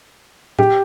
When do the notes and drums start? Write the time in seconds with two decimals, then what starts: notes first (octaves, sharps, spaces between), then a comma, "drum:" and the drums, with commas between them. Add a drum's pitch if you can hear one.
0.59 G4, drum: tom A2